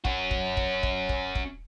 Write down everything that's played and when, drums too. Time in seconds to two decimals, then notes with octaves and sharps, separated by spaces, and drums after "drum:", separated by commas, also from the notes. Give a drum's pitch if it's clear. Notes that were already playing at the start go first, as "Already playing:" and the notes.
0.05 C#4 F#4, drum: kick
0.31 drum: kick
0.57 drum: kick
0.83 drum: kick
1.09 drum: kick
1.35 drum: kick